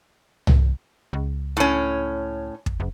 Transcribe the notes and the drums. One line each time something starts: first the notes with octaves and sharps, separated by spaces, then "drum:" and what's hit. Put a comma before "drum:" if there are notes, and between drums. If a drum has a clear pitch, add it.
drum: tom C2
C#2
A2 C#4
drum: kick
F#1